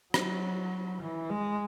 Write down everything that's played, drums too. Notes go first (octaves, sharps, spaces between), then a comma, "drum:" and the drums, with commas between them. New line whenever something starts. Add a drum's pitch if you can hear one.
F#3, drum: rim click
E3
G#3